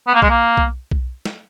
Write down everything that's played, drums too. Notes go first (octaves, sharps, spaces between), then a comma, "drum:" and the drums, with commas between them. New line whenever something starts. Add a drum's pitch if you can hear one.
B3
A#3
G#3, drum: kick B1
A#3
drum: kick B1
drum: kick B1
drum: snare